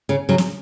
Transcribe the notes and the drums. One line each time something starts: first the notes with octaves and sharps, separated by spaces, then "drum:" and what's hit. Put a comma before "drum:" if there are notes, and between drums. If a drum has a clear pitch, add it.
C#3
C#3 F#3
drum: snare